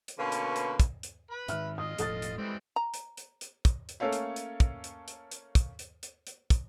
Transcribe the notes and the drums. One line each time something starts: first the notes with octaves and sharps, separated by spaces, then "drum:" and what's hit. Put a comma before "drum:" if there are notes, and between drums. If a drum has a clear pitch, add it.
drum: hi-hat
B2 D3 A#3 C#4 F#4 B4
drum: hi-hat
drum: hi-hat
drum: kick, hi-hat
drum: hi-hat
B4 B5
G#2 D#3 E5 F6, drum: hi-hat
F4 D#5 D#6
E1 A2 F3 A4 D#6 A6, drum: hi-hat
drum: hi-hat
E3 G3 G#3 C4
A#5
drum: hi-hat
drum: hi-hat
drum: hi-hat
drum: kick, hi-hat
drum: hi-hat
A3 A#3 C#4 A4 C#5 F5
drum: hi-hat
drum: hi-hat
drum: kick, hi-hat
drum: hi-hat
drum: hi-hat
drum: hi-hat
drum: kick, hi-hat
drum: hi-hat
drum: hi-hat
drum: hi-hat
drum: kick, hi-hat